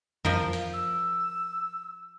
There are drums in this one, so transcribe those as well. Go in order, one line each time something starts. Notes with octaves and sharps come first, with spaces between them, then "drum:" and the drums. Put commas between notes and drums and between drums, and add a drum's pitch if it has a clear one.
F3 F4 A#4, drum: tom F2
drum: hi-hat
E6